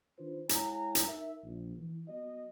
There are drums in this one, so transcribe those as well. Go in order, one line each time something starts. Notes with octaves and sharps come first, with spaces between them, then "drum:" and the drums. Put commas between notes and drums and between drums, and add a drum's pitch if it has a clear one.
D#3 D4 F4 B4 C5
G#3 E4 C#5 F#5 G#5 A#5, drum: hi-hat
drum: hi-hat
D#4 A#4 E5
A#1
E3
F#3 B3 F#4 D#5